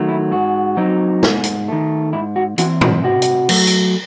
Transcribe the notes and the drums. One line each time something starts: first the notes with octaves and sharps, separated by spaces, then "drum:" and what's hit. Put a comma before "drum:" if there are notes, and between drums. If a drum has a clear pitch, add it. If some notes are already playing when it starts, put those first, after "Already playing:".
Already playing: D#3 F#3 A3
E4
G#2 F#4
F#3 C4 D#4
G#2, drum: snare
drum: hi-hat
D#3 A3
G#2 E4
F#4
E3 C4 E4 F#4, drum: hi-hat
F#4, drum: tom
C3 F#4
drum: hi-hat
F#3 A3, drum: cymbal
drum: hi-hat